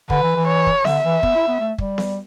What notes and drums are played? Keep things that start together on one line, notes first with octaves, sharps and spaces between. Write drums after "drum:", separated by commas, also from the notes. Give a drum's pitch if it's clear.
D3 B4, drum: kick
E3
E3
C#5
drum: kick
D3 E5, drum: snare B3
E3
B3, drum: kick
E4
B3
A3
G3, drum: kick
drum: snare B3